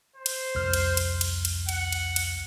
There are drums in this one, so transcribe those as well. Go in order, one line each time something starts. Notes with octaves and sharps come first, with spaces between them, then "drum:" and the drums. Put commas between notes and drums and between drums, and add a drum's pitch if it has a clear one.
C5
drum: cymbal
C2 F2 F6
drum: cymbal
drum: cymbal
drum: cymbal
drum: cymbal
F#5, drum: cymbal
drum: cymbal
drum: cymbal